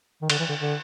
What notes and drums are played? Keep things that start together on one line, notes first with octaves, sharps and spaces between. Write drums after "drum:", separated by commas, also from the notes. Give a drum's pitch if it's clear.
D#3
D3, drum: cymbal
E3
D3
D3